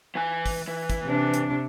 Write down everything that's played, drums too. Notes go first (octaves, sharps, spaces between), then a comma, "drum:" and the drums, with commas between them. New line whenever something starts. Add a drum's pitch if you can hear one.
E3 G#5
drum: kick, open hi-hat
E3
drum: kick, hi-hat
C3 D4
drum: hi-hat